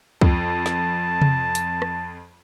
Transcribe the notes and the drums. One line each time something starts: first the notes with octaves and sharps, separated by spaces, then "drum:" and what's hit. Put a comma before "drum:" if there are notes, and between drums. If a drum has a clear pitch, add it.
F2 A5, drum: kick
drum: snare
drum: tom C3
drum: hi-hat
drum: rim click